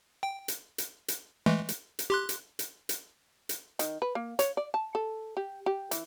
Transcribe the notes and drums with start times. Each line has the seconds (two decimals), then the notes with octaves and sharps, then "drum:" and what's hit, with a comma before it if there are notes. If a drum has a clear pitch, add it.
0.23 G5
0.48 drum: hi-hat
0.78 drum: hi-hat
1.08 drum: hi-hat
1.46 E3 G#3 A3
1.69 drum: hi-hat
1.99 drum: hi-hat
2.10 G4 C6 F#6
2.29 drum: hi-hat
2.59 drum: hi-hat
2.89 drum: hi-hat
3.49 drum: hi-hat
3.79 D#3, drum: hi-hat
4.02 B4
4.15 A#3
4.39 C#5, drum: hi-hat
4.57 D5
4.74 A5
4.95 A4
5.37 G4
5.66 G4
5.91 E3, drum: hi-hat